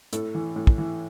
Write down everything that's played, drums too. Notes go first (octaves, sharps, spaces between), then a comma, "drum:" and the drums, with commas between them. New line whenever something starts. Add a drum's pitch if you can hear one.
A2 A4, drum: hi-hat
E3
A2
drum: kick
E3